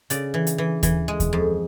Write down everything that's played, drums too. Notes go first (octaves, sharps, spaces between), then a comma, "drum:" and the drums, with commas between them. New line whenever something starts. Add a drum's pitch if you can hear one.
C#3 D5, drum: hi-hat
E3
drum: hi-hat
E3
E3, drum: kick D#2, hi-hat
G#3
drum: kick D#2, hi-hat
F2